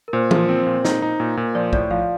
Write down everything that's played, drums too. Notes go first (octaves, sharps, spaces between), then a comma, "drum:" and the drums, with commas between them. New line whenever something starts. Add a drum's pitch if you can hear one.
A#4
A#2 C5
F3, drum: tom E3
C4
A#2
D#4, drum: snare
D#4
A#2
A#2
F3 D5
A2 D5, drum: kick
F3 F5